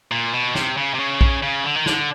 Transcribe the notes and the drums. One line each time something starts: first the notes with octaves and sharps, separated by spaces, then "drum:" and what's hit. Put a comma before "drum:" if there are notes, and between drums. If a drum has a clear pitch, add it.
A#2
B2
C3, drum: snare
C#3
C3
C#3
drum: kick A#1
C#3
D3
D#3
D3, drum: snare